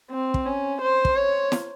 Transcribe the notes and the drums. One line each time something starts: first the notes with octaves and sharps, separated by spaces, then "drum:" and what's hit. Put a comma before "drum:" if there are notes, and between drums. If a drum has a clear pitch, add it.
C4
drum: kick
C#4
C5
drum: kick
C#5
drum: snare